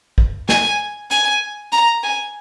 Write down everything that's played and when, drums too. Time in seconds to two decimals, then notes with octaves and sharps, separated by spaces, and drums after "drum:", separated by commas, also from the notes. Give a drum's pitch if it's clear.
0.18 drum: kick
0.49 G#5, drum: snare
1.11 G#5, drum: hi-hat
1.72 A#5, drum: hi-hat
2.03 G#5